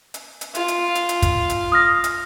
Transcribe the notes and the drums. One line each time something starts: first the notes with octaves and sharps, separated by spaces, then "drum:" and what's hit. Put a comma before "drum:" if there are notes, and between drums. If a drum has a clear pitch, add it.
drum: hi-hat
drum: hi-hat
F4 F5, drum: hi-hat
drum: hi-hat
drum: hi-hat
drum: hi-hat
drum: kick, hi-hat
drum: hi-hat
D#6 F6 A#6
drum: hi-hat